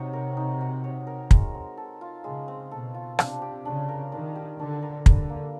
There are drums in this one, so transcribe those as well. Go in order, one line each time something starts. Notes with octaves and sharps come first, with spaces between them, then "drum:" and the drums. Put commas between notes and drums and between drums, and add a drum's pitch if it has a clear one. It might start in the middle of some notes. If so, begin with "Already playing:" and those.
Already playing: C3 D#4 F#4 C#5
A#4
D#4
F#4
C#5
A#4
G#3, drum: kick
C4
A4
F4
C#3 G#3
C4
B2 A4
F4
C3 D4, drum: rim click
G4
C#3 D4
A#4
D#3 D4
G4
D3 D4
A#4
D3 G3, drum: kick
A#3